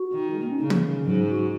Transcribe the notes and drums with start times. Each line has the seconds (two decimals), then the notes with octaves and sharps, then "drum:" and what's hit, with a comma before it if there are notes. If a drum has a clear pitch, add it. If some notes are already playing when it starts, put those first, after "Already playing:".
Already playing: F#4
0.12 D#3
0.30 G#3
0.40 A#3
0.49 C#4
0.59 C#3 D#4
0.70 A#3, drum: tom
0.83 D#3
0.99 D#3
1.05 G#2 F#3
1.29 F#4